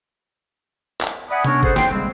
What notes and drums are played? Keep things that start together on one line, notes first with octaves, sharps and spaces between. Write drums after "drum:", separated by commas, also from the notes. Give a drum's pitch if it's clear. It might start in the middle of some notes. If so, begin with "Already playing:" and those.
drum: clap
D5 E5 F#5 G#5 B5 D#6
B3 C#4 D4 A#4 C#5, drum: tom C3
G#4 A4 C5 F#5, drum: kick
G5 C6, drum: snare
C#3 G3 G#3 C4